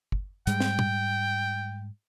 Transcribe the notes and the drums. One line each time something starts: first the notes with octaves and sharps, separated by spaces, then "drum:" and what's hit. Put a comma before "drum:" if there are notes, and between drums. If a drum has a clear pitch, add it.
drum: kick
G#2 G3 G#3 G5, drum: hi-hat
drum: snare
drum: tom